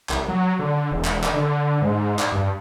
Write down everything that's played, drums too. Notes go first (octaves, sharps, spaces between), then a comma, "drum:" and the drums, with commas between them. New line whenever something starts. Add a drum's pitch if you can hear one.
C2, drum: clap
F#3
D3
E1
drum: clap
drum: clap
D3
G#2
drum: clap
G2